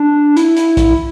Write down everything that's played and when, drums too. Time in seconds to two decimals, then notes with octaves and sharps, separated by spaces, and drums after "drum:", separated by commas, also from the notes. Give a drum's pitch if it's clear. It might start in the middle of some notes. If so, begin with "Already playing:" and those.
Already playing: D4
0.37 E4, drum: hi-hat
0.56 drum: hi-hat
0.77 drum: kick A#1, hi-hat